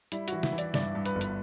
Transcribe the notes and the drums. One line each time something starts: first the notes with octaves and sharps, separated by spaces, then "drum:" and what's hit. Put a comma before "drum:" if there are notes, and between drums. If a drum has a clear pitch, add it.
G3 E4, drum: hi-hat
E3 F#4, drum: hi-hat
E4, drum: snare C#3
E3
D5, drum: hi-hat
G2 D5, drum: snare C#3
G2
B4, drum: hi-hat
G1
B4, drum: hi-hat